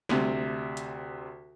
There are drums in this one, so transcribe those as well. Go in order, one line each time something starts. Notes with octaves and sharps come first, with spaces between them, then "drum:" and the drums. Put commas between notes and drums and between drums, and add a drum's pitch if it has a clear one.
D2 C3, drum: snare
drum: hi-hat